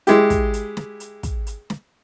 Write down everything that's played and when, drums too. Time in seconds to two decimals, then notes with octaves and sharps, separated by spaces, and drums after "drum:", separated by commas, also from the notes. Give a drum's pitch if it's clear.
0.07 G#3 E4 G4, drum: hi-hat
0.30 drum: kick, hi-hat
0.54 drum: hi-hat
0.77 drum: snare
1.00 drum: hi-hat
1.23 drum: kick, hi-hat
1.47 drum: hi-hat
1.70 drum: snare